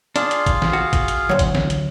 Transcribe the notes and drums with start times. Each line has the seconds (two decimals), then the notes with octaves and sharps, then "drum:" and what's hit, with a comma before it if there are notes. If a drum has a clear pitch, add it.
0.16 D4 F4 G#4 F5, drum: hi-hat
0.31 drum: hi-hat
0.46 drum: kick, hi-hat
0.62 drum: snare
0.73 F#4
0.93 drum: kick, hi-hat
1.08 drum: hi-hat
1.29 D2 F#3
1.39 drum: kick, hi-hat
1.55 drum: snare
1.70 drum: hi-hat